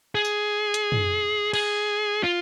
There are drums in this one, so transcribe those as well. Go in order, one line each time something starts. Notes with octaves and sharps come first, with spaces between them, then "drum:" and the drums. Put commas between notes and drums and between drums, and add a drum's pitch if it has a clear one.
G#4
drum: tambourine
drum: hi-hat
drum: tom
G#4, drum: cymbal
F4